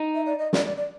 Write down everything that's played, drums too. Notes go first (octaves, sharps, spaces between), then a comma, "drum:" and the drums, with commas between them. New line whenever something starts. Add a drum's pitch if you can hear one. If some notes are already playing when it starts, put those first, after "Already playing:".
Already playing: D#4
E5
D5
D#5
D5, drum: snare
D5
D5